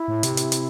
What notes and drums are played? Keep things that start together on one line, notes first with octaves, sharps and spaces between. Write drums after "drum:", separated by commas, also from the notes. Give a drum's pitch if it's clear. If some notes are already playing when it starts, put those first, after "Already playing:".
Already playing: E4
A2
C3, drum: hi-hat
drum: hi-hat
drum: hi-hat